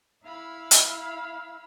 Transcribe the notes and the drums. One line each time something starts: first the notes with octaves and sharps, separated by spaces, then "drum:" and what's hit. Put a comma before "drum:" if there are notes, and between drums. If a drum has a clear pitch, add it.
E4 F5 B5 E6
drum: hi-hat